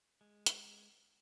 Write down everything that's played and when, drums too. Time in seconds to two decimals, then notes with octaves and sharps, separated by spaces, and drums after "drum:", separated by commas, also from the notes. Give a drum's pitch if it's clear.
0.21 G#3
0.46 drum: hi-hat